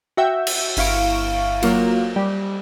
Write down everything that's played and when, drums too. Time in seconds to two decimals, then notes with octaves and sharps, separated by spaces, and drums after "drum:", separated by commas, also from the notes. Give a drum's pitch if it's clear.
0.17 F#4 E5 G5
0.47 drum: cymbal
0.77 G1 E4 F5 C#6 D7, drum: open hi-hat
1.63 F#3 A#3 F4, drum: cymbal
2.16 G3